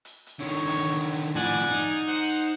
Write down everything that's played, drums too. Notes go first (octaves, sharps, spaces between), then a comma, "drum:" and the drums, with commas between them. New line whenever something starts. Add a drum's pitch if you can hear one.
drum: hi-hat
drum: hi-hat
D3 D#3 C#5
drum: hi-hat
drum: hi-hat
drum: hi-hat
A2 F3 D5 F#5 G#5, drum: hi-hat
drum: hi-hat
D#4
C5 F#5
drum: hi-hat